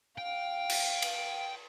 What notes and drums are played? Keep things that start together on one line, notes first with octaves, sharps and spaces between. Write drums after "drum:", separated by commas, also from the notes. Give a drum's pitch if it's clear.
F5 G5
drum: cymbal
drum: cymbal